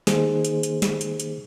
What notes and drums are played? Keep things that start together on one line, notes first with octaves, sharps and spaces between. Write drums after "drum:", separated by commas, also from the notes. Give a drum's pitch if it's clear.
D#3 A#3 D#4 G#4 C5, drum: snare
drum: hi-hat
drum: hi-hat
drum: snare
drum: hi-hat
drum: hi-hat